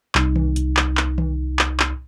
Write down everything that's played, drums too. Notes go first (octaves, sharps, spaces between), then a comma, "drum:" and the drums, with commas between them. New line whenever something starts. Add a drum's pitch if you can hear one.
C2 D#4, drum: clap
drum: tom D#3
drum: hi-hat
drum: clap
drum: clap
drum: tom D#3
drum: clap
drum: clap